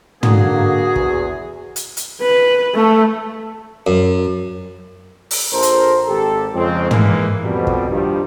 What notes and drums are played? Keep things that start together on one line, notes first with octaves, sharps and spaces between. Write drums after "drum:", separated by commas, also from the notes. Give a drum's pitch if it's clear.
D3 A#3 F#4 G#4, drum: tom
E2, drum: kick
drum: hi-hat
drum: hi-hat
B4
A3 A4
F#2
drum: open hi-hat
A#1 A4 A#4 C5
drum: hi-hat
G#1 G4 A4
F2 C#3 G#3 C4
E3 G#3 A#3, drum: tom
F2 B2 G3
drum: kick
G2 D#3 F3 G3